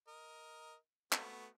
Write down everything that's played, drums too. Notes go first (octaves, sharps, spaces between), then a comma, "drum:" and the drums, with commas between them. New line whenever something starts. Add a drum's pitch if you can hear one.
A#4 D#5
A3 B3 F#4, drum: clap